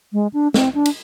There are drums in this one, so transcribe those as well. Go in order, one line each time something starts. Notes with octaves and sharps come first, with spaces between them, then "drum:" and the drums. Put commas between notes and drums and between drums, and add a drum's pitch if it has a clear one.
G#3
D4
C4, drum: snare
D4
drum: cymbal